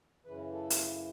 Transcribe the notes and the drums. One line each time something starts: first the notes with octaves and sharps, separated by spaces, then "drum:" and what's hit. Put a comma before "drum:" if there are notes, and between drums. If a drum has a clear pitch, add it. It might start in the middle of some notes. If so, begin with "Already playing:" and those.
F#2 C#3 E3 B4
A4
drum: hi-hat